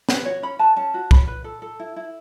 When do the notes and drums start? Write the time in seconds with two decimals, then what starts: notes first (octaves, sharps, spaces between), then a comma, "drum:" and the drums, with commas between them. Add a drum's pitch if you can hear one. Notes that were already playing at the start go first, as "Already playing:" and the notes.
0.09 C#4 B4, drum: snare
0.25 F#4 C#5
0.42 C#4 B5
0.59 B4 A5
0.76 C#4 A5
0.94 F#4
1.11 C#4 B5, drum: kick
1.27 B4
1.44 A4
1.62 A4
1.79 E4
1.96 E4